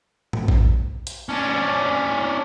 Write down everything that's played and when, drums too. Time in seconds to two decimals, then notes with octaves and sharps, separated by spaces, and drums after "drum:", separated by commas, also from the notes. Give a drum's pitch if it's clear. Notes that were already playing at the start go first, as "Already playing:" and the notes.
0.33 drum: tom G#2
0.48 drum: kick A#1
1.07 drum: hi-hat
1.29 C#4 D4